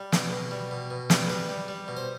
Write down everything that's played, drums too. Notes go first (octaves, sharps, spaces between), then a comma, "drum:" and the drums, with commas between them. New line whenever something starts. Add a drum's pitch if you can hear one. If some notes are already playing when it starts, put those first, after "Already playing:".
Already playing: G3
B2, drum: snare
B2
G3
B2
B2
G3, drum: snare
G3 B4
G3
G3
B2
C5